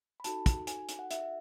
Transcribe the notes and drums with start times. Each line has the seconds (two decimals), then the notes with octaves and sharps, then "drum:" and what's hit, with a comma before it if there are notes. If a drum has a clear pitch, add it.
0.20 B5
0.24 D#4 F#4 A4 A5, drum: hi-hat
0.46 drum: kick, hi-hat
0.67 G#5, drum: hi-hat
0.89 drum: hi-hat
0.99 F#5
1.11 E5, drum: hi-hat